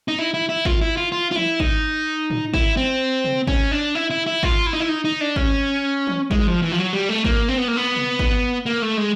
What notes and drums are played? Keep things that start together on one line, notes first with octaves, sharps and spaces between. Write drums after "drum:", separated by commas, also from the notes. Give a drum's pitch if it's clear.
D#4
E4
E4
E4
F4, drum: kick G#1
E4
F4
F4
F4
E4, drum: tom E3
D#4, drum: kick G#1
drum: tom A2
E4, drum: kick G#1
C4
drum: tom C3
C#4, drum: kick G#1
D4
E4
E4
E4
F4, drum: kick G#1
E4
D#4
E4
D#4
D#4
D4
C#4, drum: kick G#1
drum: tom E3
G#3, drum: kick G#1
F3
E3
F3
F#3
G3
A3
A#3, drum: kick G#1
C4
B3
A#3
B3
drum: tom C3
drum: kick G#1
A#3
A3
G#3